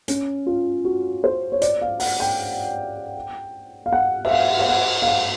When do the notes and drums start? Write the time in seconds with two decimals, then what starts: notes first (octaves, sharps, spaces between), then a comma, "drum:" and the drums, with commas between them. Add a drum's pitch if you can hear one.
0.08 C#4, drum: hi-hat
0.46 F4
0.84 F#4
1.24 C5
1.52 C#5
1.62 D5, drum: hi-hat
1.82 F5
2.00 F#5, drum: open hi-hat
2.20 G5
3.86 F5
3.92 F#5
4.25 E5, drum: cymbal
4.31 F5
4.58 F5, drum: cymbal
4.69 F#5
5.02 F5
5.07 F#5